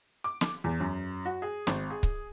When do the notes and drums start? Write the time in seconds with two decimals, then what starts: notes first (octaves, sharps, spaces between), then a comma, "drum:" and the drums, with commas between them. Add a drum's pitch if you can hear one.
0.24 D6
0.41 drum: snare
0.64 E2
0.80 F#2
1.25 F#4
1.42 G#4
1.67 G#1, drum: snare
1.90 G#4
2.03 drum: kick C#1